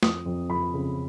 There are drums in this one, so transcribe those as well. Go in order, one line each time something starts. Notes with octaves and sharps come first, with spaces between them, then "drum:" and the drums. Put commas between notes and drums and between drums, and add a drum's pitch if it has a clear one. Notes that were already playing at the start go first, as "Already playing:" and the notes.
F2 D#6, drum: snare
F2
F2 B5
C#3